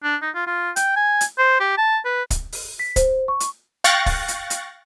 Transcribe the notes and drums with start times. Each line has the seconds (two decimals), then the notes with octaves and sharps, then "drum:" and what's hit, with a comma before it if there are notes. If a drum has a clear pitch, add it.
0.03 D4
0.22 D#4
0.35 F4
0.47 F4
0.76 G5, drum: hi-hat
0.96 G#5
1.21 drum: hi-hat
1.38 C5
1.60 G4
1.78 A5
2.05 B4
2.30 drum: kick, hi-hat
2.52 drum: open hi-hat
2.79 B6
2.96 C5, drum: kick, hi-hat
3.28 C#6
3.40 drum: hi-hat
3.84 F5 G5 C#6 F#6 A6 A#6, drum: hi-hat
4.06 drum: kick, open hi-hat
4.28 drum: hi-hat
4.50 drum: hi-hat